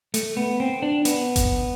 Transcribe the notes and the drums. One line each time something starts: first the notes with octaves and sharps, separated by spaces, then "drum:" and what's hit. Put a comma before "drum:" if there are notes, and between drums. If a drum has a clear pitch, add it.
A3, drum: hi-hat
B3
C4
D4
B3, drum: hi-hat
drum: kick G1, hi-hat